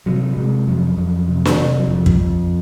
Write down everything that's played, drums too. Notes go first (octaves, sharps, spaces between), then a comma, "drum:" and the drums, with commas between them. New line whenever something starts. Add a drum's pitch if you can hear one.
C3 F#3
C3 G#3
F2 F#3
F2
C3
drum: snare
C3
F#3
F2 F3
drum: kick
F2